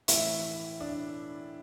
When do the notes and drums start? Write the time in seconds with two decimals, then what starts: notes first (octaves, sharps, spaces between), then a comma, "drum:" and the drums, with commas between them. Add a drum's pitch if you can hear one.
0.08 A2 E3 E4, drum: hi-hat
0.81 D4